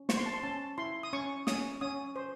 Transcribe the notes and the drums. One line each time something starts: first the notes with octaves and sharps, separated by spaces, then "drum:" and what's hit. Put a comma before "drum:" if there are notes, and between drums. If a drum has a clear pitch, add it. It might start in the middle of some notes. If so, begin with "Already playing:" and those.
Already playing: C#4
C5 C#6, drum: snare
C6
A5
C6
C#4 A5
E4 C6
D#6
C#4 C#6
C#4 D#6, drum: snare
C#4 D#6
C5